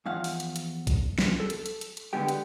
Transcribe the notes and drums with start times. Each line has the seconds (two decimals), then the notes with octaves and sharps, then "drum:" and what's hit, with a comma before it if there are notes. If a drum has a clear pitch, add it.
0.06 E2 F3 F5 F#5
0.24 drum: open hi-hat
0.40 drum: hi-hat
0.56 drum: hi-hat
0.87 drum: kick B1, hi-hat
1.18 drum: snare
1.40 A4
1.50 drum: hi-hat
1.66 drum: hi-hat
1.81 drum: hi-hat
1.97 drum: hi-hat
2.13 D3 G#3 B3 G4 G5
2.28 drum: hi-hat